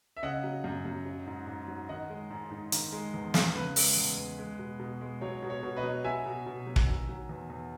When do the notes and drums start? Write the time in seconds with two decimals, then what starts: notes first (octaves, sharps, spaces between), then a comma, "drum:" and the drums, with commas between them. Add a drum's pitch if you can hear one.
0.17 E5
0.23 C#3 D#5 F#5
0.43 F#3
0.64 F#2
0.85 F#2
1.05 F#3
1.26 G#2
1.47 G#2
1.68 F#3
1.89 D#3 D#5 F#5
2.09 G#3
2.30 G#2
2.51 G#2
2.72 D#3, drum: hi-hat
2.92 G#3
3.14 E2
3.34 E2, drum: snare
3.55 C#3 B4
3.76 G#3, drum: open hi-hat
3.97 E2
4.18 E2
4.39 G#3
4.59 B2
4.79 B2
5.01 G#3
5.21 F#3 C#5
5.42 B2
5.50 C#5
5.63 B2
5.76 B4 D#5
5.83 F#3
6.04 F#3 E5 G#5
6.26 B2
6.46 B2
6.67 F#3
6.76 drum: kick
6.88 D#3
7.09 F#3
7.29 E2
7.50 E2